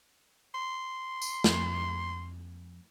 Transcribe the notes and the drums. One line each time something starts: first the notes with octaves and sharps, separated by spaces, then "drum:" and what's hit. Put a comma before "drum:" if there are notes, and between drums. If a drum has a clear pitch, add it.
C6
drum: tambourine
F2, drum: snare